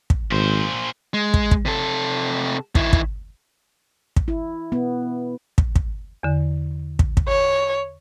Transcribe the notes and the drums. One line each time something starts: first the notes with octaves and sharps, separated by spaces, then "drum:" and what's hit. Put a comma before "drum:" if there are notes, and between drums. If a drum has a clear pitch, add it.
drum: kick
G#1 A#2 C5
G#3
drum: kick
drum: kick
C3 A4
D#3 E4, drum: kick
drum: kick
drum: kick
E4
B3
drum: kick
drum: kick
E2 D3
drum: kick
drum: kick
C#5